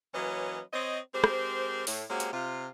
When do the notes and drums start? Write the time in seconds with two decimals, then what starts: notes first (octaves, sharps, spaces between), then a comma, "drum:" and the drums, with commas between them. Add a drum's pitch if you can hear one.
0.14 E3 F#3 A#3 C#4 B4 D#5
0.73 C4 C#5 D#5
1.14 G#3 C4 G4 A#4 C5
1.24 drum: rim click
1.87 A2, drum: open hi-hat
2.09 G#3 A#3 C4 C#4 F#4 G4
2.20 drum: hi-hat
2.33 C3 F4